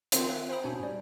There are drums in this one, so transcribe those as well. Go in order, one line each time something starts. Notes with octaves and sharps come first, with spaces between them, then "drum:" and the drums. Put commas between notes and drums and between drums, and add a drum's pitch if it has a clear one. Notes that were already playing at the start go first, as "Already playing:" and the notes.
D#3 C4 F4 C5 C#5, drum: hi-hat
E5 F5 F#6
C5 F5 G5 A#5 B5 D#6
B2 C#4 D4 C#5 G6
G#2 G3